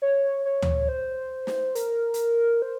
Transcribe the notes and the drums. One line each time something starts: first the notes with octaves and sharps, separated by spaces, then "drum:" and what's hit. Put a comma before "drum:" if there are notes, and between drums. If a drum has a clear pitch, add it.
C#5
C#5
drum: tom D2
C5
drum: snare
A#4, drum: hi-hat
drum: hi-hat
C5